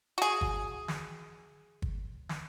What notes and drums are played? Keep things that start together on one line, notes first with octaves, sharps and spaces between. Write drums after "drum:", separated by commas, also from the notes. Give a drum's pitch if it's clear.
F#4 G#4
drum: kick G1
drum: snare
drum: kick G1
drum: snare